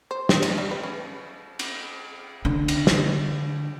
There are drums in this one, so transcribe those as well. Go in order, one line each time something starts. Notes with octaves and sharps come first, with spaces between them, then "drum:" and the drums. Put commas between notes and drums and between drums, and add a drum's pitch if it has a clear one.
C5
G4, drum: snare
D4, drum: cymbal
G3
B4
C#4
drum: cymbal
D3
drum: cymbal
drum: snare